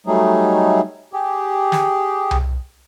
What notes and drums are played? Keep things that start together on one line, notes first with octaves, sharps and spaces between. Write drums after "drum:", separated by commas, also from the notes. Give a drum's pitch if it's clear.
F#3 G3 A3 D#4 G#4
G4 G#4
drum: snare
drum: tom C2